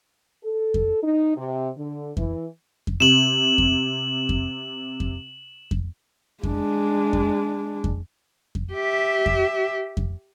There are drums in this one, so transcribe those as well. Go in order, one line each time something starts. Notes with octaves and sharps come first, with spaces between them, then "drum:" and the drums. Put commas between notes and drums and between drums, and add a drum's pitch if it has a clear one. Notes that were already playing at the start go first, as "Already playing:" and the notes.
A4
drum: kick F2
D#4
C3
D3
E3, drum: kick F2
drum: kick F2
C3 E7 F#7
drum: kick F2
drum: kick F2
drum: kick F2
drum: kick F2
G#3 D4, drum: kick F2
drum: kick F2
drum: kick F2
drum: kick F2
G4 E5
drum: kick F2
drum: kick F2